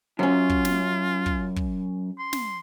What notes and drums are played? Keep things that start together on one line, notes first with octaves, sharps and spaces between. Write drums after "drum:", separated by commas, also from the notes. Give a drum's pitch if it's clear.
F#2 F#3 C#4 F4
drum: kick
drum: snare
drum: kick
drum: kick
C6
drum: snare